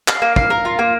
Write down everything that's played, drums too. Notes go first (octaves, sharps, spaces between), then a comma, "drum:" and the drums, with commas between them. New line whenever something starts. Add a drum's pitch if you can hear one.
F5, drum: clap
A#3
F5, drum: kick
A#4
F4
A#3